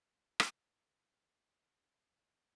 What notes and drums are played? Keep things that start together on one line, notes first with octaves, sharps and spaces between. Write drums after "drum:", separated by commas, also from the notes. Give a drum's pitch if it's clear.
drum: rim click
C#4 F#4 G4